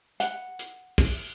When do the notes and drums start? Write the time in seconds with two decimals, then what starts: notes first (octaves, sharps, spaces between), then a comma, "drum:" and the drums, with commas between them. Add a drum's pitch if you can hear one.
0.20 F#5, drum: hi-hat
0.59 drum: hi-hat
0.98 drum: kick, open hi-hat